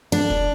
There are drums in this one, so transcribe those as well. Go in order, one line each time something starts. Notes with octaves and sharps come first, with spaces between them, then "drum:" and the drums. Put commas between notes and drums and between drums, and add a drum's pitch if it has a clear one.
D4
drum: kick